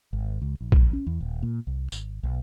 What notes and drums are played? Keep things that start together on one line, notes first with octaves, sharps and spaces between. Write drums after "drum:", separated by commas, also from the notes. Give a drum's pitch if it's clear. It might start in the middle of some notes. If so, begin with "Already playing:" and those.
G#1
C#2
A#1
drum: kick
C#4
E2
D#1
A#2
C2
G#1, drum: tambourine
B1